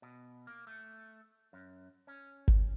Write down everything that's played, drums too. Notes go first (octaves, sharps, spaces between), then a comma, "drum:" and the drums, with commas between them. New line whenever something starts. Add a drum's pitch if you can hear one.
B2
A#3
A3
F#2
C#4
drum: kick G#1